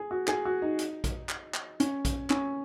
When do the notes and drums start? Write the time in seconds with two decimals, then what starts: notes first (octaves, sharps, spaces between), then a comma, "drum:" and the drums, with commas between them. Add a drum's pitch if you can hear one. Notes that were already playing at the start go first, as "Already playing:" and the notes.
Already playing: G#4
0.11 F#4
0.28 G#4, drum: clap
0.45 F#4
0.62 D#4
0.79 drum: hi-hat
1.04 drum: kick A#1, hi-hat
1.29 drum: clap
1.54 drum: clap
1.80 C#4, drum: hi-hat
2.05 drum: kick A#1, hi-hat
2.30 C#4, drum: clap